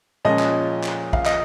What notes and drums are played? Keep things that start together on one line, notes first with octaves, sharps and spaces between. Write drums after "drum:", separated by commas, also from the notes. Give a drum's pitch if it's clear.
A#2 F3 G#3 C#4 D#5
drum: clap
drum: clap
F5, drum: kick
D#5, drum: clap